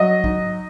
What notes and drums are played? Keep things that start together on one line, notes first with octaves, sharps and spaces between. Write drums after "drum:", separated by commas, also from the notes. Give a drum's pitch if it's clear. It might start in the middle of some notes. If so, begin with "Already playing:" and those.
Already playing: F#3 D#5
D#4, drum: kick